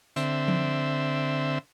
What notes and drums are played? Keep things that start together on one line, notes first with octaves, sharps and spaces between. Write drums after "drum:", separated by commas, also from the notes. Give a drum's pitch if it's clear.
D3 C4 E5, drum: hi-hat
drum: tom F3